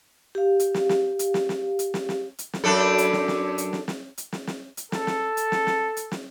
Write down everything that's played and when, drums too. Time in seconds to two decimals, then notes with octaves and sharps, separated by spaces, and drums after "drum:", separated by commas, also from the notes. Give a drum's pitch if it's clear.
0.35 G4 F5
0.60 drum: hi-hat
0.74 drum: snare
0.89 drum: snare
1.19 drum: hi-hat
1.34 drum: snare
1.49 drum: snare
1.79 drum: hi-hat
1.94 drum: snare
2.09 drum: snare
2.39 drum: hi-hat
2.53 drum: snare
2.64 F#2 D4 A4
2.98 drum: hi-hat
3.13 drum: snare
3.28 drum: snare
3.58 drum: hi-hat
3.73 drum: snare
3.88 drum: snare
4.18 drum: hi-hat
4.32 drum: snare
4.47 drum: snare
4.77 drum: hi-hat
4.92 A4, drum: snare
5.07 drum: snare
5.37 drum: hi-hat
5.52 drum: snare
5.67 drum: snare
5.97 drum: hi-hat
6.12 drum: snare